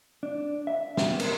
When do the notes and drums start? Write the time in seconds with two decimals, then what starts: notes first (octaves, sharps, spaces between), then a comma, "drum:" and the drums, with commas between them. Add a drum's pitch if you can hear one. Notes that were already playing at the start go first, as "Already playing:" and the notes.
0.23 D4
0.67 E5
0.97 B3, drum: snare
1.20 A#4, drum: cymbal